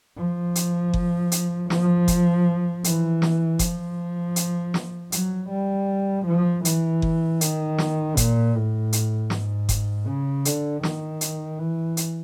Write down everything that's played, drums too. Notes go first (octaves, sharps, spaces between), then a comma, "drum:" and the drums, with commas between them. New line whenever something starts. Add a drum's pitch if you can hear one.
F3
drum: hi-hat
drum: kick F#1
drum: hi-hat
F3, drum: snare
drum: kick F#1, hi-hat
E3, drum: hi-hat
drum: snare
F3, drum: kick F#1, hi-hat
drum: hi-hat
drum: snare
F#3, drum: hi-hat
G3
F3
E3, drum: hi-hat
drum: kick F#1
D#3, drum: hi-hat
drum: snare
A#2, drum: kick F#1, hi-hat
A2
drum: hi-hat
G#2, drum: snare
drum: kick F#1, hi-hat
C#3
D3, drum: hi-hat
D#3, drum: snare
drum: hi-hat
E3
drum: hi-hat